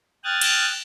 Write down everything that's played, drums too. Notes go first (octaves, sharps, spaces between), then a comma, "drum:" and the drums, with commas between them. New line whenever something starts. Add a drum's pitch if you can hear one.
G5 D#6 F6 F#6 G#6 A6
drum: cymbal